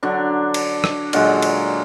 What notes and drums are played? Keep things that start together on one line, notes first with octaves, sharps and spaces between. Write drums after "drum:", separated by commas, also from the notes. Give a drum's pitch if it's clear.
D3 F#3 D4
drum: cymbal
drum: rim click
A#2 D3 F#3 G#3, drum: cymbal
drum: cymbal